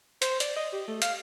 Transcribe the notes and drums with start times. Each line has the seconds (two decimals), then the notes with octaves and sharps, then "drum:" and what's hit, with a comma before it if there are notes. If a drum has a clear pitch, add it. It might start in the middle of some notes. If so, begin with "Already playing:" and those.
0.22 C5, drum: hi-hat
0.40 D5, drum: hi-hat
0.56 D#5
0.73 G4
0.88 A3
1.02 F5, drum: hi-hat